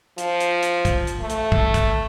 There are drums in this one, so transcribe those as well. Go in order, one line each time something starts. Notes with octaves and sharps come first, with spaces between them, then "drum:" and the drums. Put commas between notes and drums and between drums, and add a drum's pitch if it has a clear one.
F3, drum: hi-hat
drum: hi-hat
drum: hi-hat
drum: kick, hi-hat
drum: hi-hat
A3
drum: hi-hat
drum: kick
drum: kick, hi-hat